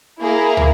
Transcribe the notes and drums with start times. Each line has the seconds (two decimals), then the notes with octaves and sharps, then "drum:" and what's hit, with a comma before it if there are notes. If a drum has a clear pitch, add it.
0.20 A#3 E4 G#4
0.57 drum: tom